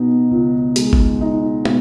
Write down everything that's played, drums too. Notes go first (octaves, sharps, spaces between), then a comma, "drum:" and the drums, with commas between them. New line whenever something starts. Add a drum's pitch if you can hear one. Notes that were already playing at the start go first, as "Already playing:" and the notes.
Already playing: B2 D#4
C#2
G#3, drum: hi-hat
drum: kick G1
D#4
B2, drum: tom